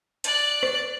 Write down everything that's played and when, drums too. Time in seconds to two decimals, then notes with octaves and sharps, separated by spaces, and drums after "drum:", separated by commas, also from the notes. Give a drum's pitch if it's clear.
0.24 D5 F#6, drum: hi-hat
0.63 drum: rim click